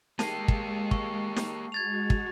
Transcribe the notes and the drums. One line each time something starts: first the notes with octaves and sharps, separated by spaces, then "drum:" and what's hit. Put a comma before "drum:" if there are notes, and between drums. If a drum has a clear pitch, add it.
G#3 A#3 G4 A5 C7, drum: snare
drum: kick
C#6, drum: kick
drum: snare
G#3 F#4 G#6 A6 F7
drum: kick